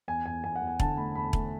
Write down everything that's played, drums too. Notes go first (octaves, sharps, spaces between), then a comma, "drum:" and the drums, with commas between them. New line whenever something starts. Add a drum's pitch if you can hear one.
E2 G#5
E2 G#5
E2 G#5
F#5
E2
G#5
D3 A5, drum: kick E1
A3 B5
E2 B5
A3, drum: kick E1